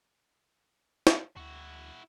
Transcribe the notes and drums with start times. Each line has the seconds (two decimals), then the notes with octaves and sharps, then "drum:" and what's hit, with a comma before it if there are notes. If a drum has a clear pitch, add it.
1.07 drum: snare
1.36 D2 E4 F#4